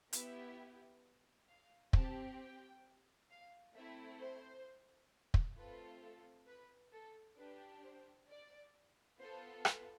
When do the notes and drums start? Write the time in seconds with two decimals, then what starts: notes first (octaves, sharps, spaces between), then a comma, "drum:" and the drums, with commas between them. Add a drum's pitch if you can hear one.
0.13 B3 E4 G4 E5, drum: hi-hat
1.49 F5
1.93 C4 G4 A5, drum: kick
2.39 G5
3.30 F5
3.75 A3 C4 E4 E5
4.20 C5
5.34 drum: kick
5.56 A3 C4 F4 A4 B4
6.02 A4
6.47 B4
6.93 A4
7.38 D4 G4 B4
7.83 C5
8.28 D5
9.20 B3 F4 A4 C5
9.65 B4, drum: rim click